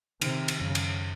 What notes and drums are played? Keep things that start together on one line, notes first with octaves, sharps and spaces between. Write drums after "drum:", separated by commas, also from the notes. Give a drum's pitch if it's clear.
C3 D#3, drum: cymbal
drum: cymbal
F#2 C#3
drum: cymbal